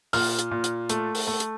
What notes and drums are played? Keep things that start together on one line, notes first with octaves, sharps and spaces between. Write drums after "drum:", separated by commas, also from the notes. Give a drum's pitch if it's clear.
A#2 F6, drum: open hi-hat
drum: hi-hat
A#2
drum: hi-hat
A3, drum: hi-hat
drum: open hi-hat
A3
drum: hi-hat